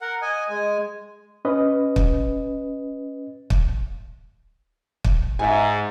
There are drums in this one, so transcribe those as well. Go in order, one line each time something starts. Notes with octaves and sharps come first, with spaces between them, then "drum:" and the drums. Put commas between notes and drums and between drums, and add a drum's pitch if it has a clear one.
A#4 F#5
D#5 G#5
G#3 G#5
C#4 B4 D#5
drum: kick
drum: kick
drum: kick
G#2 E5 G#5